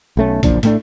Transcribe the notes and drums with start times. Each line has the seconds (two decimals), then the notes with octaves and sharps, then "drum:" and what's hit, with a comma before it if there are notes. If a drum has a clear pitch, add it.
0.17 B1 A3 C#4
0.43 F#1 A#2 F3 D4, drum: kick, hi-hat
0.63 A2 A3 D4, drum: hi-hat